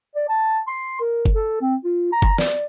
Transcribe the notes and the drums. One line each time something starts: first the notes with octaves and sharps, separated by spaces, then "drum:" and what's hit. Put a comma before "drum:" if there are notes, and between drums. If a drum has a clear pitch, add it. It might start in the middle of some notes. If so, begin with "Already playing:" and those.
D5
A5
C6
A#4
drum: kick F#1
A4
C4
F4
A#5
drum: kick F#1
D5, drum: snare